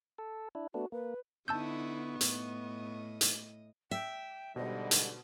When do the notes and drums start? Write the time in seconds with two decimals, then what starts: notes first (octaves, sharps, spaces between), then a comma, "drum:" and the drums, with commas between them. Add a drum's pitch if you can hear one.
0.18 A4
0.55 D4 E4
0.74 A3 B3 D4 F#4
0.92 A#3 B4
1.48 D3 B3 D#4 E4 A5 C#6 E6 G6
2.21 A2 D#5, drum: hi-hat
3.21 drum: hi-hat
3.91 E5 G5
4.56 G#2 B2 D3 G3 C5 D#5
4.91 drum: hi-hat